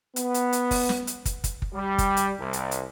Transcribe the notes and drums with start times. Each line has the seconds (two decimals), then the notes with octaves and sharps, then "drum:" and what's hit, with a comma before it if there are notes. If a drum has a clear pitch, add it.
0.16 B3, drum: hi-hat
0.34 drum: hi-hat
0.53 drum: hi-hat
0.71 drum: kick, open hi-hat
0.89 drum: snare
1.07 drum: hi-hat
1.26 drum: kick, hi-hat
1.44 drum: kick, hi-hat
1.62 drum: kick
1.74 G3
1.98 drum: kick, hi-hat
2.17 drum: hi-hat
2.40 C2
2.53 drum: hi-hat
2.71 drum: hi-hat